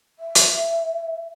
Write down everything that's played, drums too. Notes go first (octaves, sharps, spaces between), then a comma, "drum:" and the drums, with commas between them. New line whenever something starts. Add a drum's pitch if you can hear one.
E5
drum: hi-hat